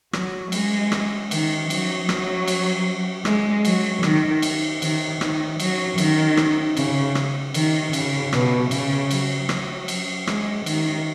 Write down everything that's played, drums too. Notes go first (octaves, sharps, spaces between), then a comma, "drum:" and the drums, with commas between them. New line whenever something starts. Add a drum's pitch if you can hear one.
F#3, drum: rim click
G#3, drum: cymbal
drum: rim click
D#3, drum: cymbal
F#3, drum: cymbal
F#3, drum: rim click
drum: cymbal
G#3, drum: rim click
F#3, drum: cymbal
D#3, drum: rim click
drum: cymbal
D#3, drum: cymbal
D#3, drum: rim click
F#3, drum: cymbal
D#3, drum: cymbal
drum: rim click
C#3, drum: cymbal
drum: rim click
D#3, drum: cymbal
C#3, drum: cymbal
B2, drum: rim click
C#3, drum: cymbal
F#3, drum: cymbal
F#3, drum: rim click
drum: cymbal
G#3, drum: rim click
D#3, drum: cymbal